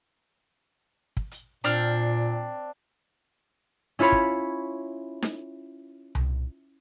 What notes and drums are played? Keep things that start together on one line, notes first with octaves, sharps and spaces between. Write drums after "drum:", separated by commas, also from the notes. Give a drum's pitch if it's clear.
drum: kick
drum: hi-hat
A#2 C4 D4 F6
C#4 E4 F4 C#5 B5
drum: kick
drum: snare D#4
drum: tom C2